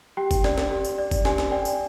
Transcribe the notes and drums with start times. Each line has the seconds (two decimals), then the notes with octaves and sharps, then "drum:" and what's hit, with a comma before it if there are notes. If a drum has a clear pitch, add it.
0.17 G4 G5
0.31 drum: kick, tambourine
0.44 D5, drum: snare
0.58 drum: snare
0.71 G4
0.85 drum: tambourine
0.98 D5
1.11 drum: kick, tambourine
1.25 G4 G#5, drum: snare
1.38 drum: snare
1.52 D5 G5
1.65 drum: tambourine